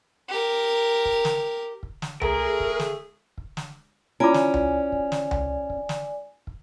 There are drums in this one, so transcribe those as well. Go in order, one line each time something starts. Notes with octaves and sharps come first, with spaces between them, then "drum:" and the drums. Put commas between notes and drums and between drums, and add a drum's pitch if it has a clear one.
G4 A#4
drum: kick
drum: snare
drum: kick
drum: snare
A3 G#4 A#4, drum: tom C#2
drum: kick
drum: snare
drum: kick
drum: snare
C#4 E4 F4 D5 G#5 D6
drum: snare
drum: tom C#2
drum: kick
drum: snare
drum: tom C#2
drum: kick
drum: snare
drum: kick